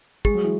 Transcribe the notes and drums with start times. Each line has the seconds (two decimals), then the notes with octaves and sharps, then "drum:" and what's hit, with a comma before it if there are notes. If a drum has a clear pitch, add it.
0.25 G#3 G#4, drum: kick
0.34 F#3
0.44 E3